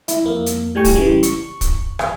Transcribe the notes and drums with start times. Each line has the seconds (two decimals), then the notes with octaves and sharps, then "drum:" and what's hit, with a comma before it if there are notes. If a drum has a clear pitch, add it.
0.08 E4, drum: hi-hat
0.25 F2 A#3
0.46 drum: hi-hat
0.75 A2 G3 G5 G#5 C#6
0.85 drum: kick, open hi-hat
0.96 C#3 E3 G3
1.23 C#6, drum: hi-hat
1.61 drum: kick, hi-hat
1.99 drum: rim click